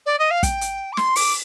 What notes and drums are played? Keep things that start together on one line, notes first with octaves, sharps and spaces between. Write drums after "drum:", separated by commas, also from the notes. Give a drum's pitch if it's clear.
D5
D#5
F5
G5, drum: kick, hi-hat
drum: hi-hat
D6
C6, drum: snare
D6, drum: open hi-hat